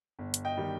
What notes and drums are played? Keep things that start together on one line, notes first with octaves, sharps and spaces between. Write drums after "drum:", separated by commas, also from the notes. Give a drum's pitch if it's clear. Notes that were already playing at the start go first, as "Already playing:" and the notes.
G1
drum: hi-hat
D#5 G5
D#3 G3